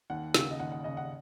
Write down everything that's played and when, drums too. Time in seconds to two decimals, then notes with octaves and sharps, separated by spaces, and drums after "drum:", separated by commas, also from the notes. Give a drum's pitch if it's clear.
0.10 D#2 F#5
0.34 C#3, drum: snare
0.51 D#5
0.60 D#2 F#5
0.72 F#5
0.84 C#3 D#5
0.97 F#5